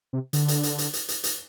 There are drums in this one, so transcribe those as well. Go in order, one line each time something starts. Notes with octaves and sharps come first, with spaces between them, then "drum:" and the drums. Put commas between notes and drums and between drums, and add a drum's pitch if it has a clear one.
C3
D3, drum: hi-hat
drum: hi-hat
drum: hi-hat
drum: hi-hat
drum: hi-hat
drum: hi-hat
drum: hi-hat